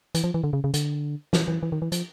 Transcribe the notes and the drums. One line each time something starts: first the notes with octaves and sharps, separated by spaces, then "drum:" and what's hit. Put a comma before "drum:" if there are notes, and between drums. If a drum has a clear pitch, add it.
E3, drum: hi-hat
F3
E3
D3
C#3
C#3
D3, drum: hi-hat
E3, drum: snare
E3
E3
D#3
E3
F3, drum: hi-hat